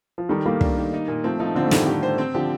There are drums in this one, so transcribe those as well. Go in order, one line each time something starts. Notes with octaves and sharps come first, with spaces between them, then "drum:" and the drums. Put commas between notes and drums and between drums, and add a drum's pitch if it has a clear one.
F3
D#3 G3 A4
G3 A3 A#3
D4, drum: kick
D#3
D#4
A#2
F3 A3 C4
F3 A3 D#4
D3 F3 C4
A3
A2 D#3 G3, drum: snare
G4
C5
C4
D3 F3 G4